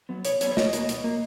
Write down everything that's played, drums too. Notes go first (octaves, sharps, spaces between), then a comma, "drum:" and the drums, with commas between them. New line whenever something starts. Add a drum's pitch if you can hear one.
F#3 B3
B2 C#5, drum: hi-hat
F#3 B3 C#5, drum: hi-hat
C#5
B2 D#5, drum: snare
A#3, drum: hi-hat
B2, drum: hi-hat
A#3